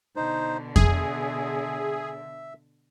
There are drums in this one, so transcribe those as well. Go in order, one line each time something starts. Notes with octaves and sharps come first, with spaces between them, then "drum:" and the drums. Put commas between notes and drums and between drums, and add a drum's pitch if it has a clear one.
B2 D3 D#4 C5
G#4 E5, drum: kick F2